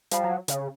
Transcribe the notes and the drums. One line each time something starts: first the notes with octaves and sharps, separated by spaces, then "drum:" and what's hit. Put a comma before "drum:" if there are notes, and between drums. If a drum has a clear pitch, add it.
F3 G3, drum: hi-hat
F#3
C#3, drum: hi-hat